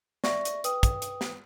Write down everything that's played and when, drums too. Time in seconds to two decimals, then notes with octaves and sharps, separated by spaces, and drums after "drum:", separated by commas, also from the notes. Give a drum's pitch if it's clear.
0.24 D5 E5 C#6 A#6, drum: snare
0.45 drum: hi-hat
0.64 B4 G5 D#6, drum: hi-hat
0.83 drum: kick, hi-hat
1.02 drum: hi-hat
1.21 drum: snare